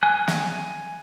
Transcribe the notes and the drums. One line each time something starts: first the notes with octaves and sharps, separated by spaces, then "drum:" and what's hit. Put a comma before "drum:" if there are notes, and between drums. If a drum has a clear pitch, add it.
G#5 F#6
drum: snare